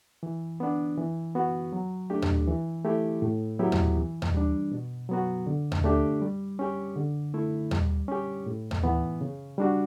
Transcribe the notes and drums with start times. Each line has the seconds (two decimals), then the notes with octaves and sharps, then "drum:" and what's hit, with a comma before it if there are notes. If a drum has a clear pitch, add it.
0.23 E3
0.60 B3 D4
0.98 E3
1.35 B3 F#4
1.73 F#3
2.10 A3 D4 G4
2.22 drum: tom D#2
2.47 E3
2.85 A3 E4 G4
3.22 A2
3.59 F#3 B3 E4 G4
3.72 drum: tom D#2
3.97 E3
4.22 drum: tom D#2
4.35 G3 D4
4.72 B2
5.09 F#3 B3 F#4
5.47 D3
5.72 drum: tom D#2
5.84 A3 D4 G4
6.22 G3
6.59 C#4 G4
6.96 D3
7.34 A3 E4
7.71 G3, drum: tom D#2
8.08 C#4 G4
8.46 A2
8.71 drum: tom D#2
8.84 E3 B3
9.21 C#3
9.58 G3 D4 F#4